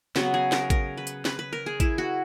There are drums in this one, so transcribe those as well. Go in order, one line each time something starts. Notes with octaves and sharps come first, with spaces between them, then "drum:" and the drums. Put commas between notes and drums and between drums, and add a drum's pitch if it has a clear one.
C#3 F#3 B3 F#4, drum: snare
G#4
A#4, drum: snare
A#4, drum: kick A1, hi-hat
B4
drum: hi-hat
B4, drum: snare
B4
A#4
G#4
E4, drum: kick A1, hi-hat
F#4